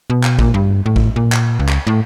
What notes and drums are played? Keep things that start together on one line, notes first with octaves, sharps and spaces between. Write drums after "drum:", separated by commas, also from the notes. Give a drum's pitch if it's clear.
B2
drum: clap
A#2, drum: kick A1
G2
A2
drum: kick A1
A#2
drum: clap
C#2
drum: clap
A2